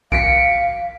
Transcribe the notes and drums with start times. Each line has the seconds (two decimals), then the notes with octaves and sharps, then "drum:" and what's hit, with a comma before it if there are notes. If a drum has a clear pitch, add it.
0.12 F5 B6 C#7 D7, drum: kick B1